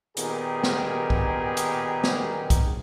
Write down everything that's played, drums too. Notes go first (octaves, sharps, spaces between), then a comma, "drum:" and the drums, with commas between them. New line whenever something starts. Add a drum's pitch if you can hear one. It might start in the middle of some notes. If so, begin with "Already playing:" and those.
A#2 D#3 B3 G4 G#4 A#4, drum: hi-hat
drum: snare
drum: kick B1
drum: hi-hat
drum: snare
drum: kick B1, hi-hat